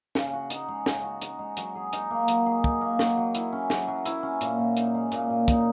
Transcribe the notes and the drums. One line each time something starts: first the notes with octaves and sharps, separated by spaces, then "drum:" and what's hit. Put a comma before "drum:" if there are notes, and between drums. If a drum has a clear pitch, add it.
C#3, drum: snare
F#4
D#4, drum: hi-hat
G#3
C#3, drum: snare
F#4
D#4, drum: hi-hat
G#3
F#3, drum: hi-hat
G#4
D#4, drum: hi-hat
A#3
F#3, drum: hi-hat
G#4
D#4, drum: kick
A#3
F#3, drum: snare
F#3
E4, drum: hi-hat
C#4
F#3, drum: snare
F#3
E4, drum: hi-hat
C#4
A#2, drum: hi-hat
A#2
D#4, drum: hi-hat
G#3
A#2, drum: hi-hat
A#2
D#4, drum: kick, hi-hat